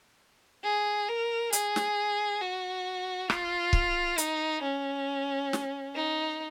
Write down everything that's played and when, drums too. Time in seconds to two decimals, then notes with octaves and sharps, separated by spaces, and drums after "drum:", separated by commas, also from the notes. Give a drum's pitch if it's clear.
0.64 G#4
1.09 A#4
1.53 G#4, drum: hi-hat
1.76 drum: snare
2.41 F#4
3.30 F4, drum: rim click
3.73 drum: kick
4.18 D#4, drum: hi-hat
4.63 C#4
5.53 drum: snare
5.96 D#4